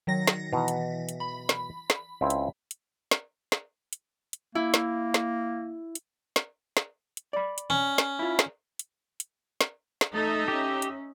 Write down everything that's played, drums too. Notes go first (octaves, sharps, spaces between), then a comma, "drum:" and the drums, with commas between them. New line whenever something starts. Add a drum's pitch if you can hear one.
D#3 F#3 A#6
drum: snare
B2 E3 A#5
drum: hi-hat
drum: hi-hat
B5
drum: snare
drum: snare
C#2 C4 E4
drum: hi-hat
drum: hi-hat
drum: snare
drum: snare
drum: hi-hat
drum: hi-hat
A#3 E4
drum: snare
drum: snare
drum: hi-hat
drum: snare
drum: snare
drum: hi-hat
D5 B5
drum: hi-hat
C#4
drum: snare
E4 F4
drum: snare
drum: hi-hat
drum: hi-hat
drum: snare
drum: snare
A3 D#4 A4 D#5 E5
C#4 G4
drum: hi-hat